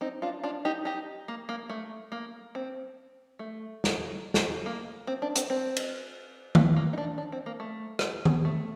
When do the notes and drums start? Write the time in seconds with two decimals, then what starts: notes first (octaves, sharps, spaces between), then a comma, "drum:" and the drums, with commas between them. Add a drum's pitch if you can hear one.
0.01 C4 D#4
0.22 D4 F4
0.44 D4 F4
0.65 D#4 G4
0.85 D#4 G4
1.28 A#3
1.49 A#3
1.70 A3
2.12 A#3
2.55 C4
3.39 A3
3.84 drum: snare
4.34 drum: snare
4.66 A#3
5.07 C4
5.22 D4
5.35 C4, drum: hi-hat
5.50 C4
5.76 drum: cymbal
6.55 A3, drum: tom D#3
6.76 A#3
6.93 D#4
6.98 D4
7.18 D4
7.32 C4
7.46 A#3
7.60 A3
7.99 drum: rim click
8.25 drum: tom D#3
8.45 A3